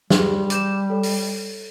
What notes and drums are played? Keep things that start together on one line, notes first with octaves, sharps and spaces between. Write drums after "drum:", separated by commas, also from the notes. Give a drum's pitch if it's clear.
G3 G4 G#4 C6, drum: snare
D6 G6 E7, drum: hi-hat
A4 C#5
drum: open hi-hat